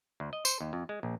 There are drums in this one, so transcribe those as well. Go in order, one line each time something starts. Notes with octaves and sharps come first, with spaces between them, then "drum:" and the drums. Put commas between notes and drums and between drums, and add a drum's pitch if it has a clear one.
D2
D#5
C5, drum: tambourine
D#2
F2
G#3
A#1